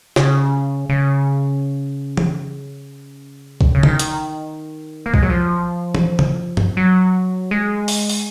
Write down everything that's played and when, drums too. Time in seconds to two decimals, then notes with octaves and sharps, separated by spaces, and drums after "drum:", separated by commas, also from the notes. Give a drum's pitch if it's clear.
0.16 C#3, drum: snare
0.89 C#3
2.17 drum: tom
3.61 drum: kick B1
3.75 C#3
3.83 D#3, drum: tom
3.99 drum: hi-hat
5.06 A#3
5.14 G#3, drum: kick B1
5.23 F#3
5.30 F3
5.95 drum: tom
6.19 drum: tom
6.57 drum: tom
6.77 F#3
7.51 G#3
7.88 drum: open hi-hat
8.09 drum: open hi-hat